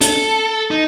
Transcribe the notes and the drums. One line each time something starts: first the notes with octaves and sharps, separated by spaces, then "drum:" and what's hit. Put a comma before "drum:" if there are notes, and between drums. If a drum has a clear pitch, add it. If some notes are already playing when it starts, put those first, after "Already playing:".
A4, drum: hi-hat
D#4